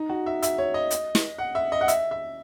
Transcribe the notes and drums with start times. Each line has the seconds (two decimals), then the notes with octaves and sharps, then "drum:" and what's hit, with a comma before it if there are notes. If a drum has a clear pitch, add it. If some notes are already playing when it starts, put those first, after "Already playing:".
Already playing: D#4
0.10 F#4
0.26 E5
0.43 E5, drum: hi-hat
0.58 C#5
0.74 D#5
0.91 drum: hi-hat
1.15 drum: snare
1.38 F#5
1.55 E5
1.72 D#5
1.81 F#5
1.88 E5, drum: hi-hat
2.11 E5